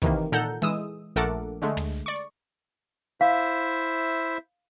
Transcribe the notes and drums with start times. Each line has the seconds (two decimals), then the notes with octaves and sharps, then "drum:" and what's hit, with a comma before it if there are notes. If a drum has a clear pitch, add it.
0.02 C3 D#3 E3 A#3, drum: kick
0.32 A#2 D#4 A4 F#5 A#5 G6
0.62 E3 G#3 D#6 E6, drum: snare
1.16 A#1 A3 A4 A#4 F#5 D6
1.62 D3 G#3 A3
1.77 drum: tom
2.06 D5 C#6
2.16 drum: hi-hat
3.21 E4 C5 E5 F5